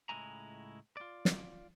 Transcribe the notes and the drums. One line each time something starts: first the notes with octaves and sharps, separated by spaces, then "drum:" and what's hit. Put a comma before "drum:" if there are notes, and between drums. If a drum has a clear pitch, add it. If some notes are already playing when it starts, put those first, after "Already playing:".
C#2 A2 G#3 E4 G#5 A#5
F4 D5
drum: snare